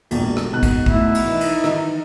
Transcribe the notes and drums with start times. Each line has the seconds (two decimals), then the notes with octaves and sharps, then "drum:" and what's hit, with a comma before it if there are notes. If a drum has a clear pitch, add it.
0.11 E1 A#1, drum: cymbal
0.37 drum: rim click
0.52 G#2 B2 F#6
0.63 drum: kick, cymbal
0.86 A3 E4, drum: kick
1.15 drum: cymbal
1.24 E3 D#4
1.41 drum: cymbal
1.64 D#3, drum: rim click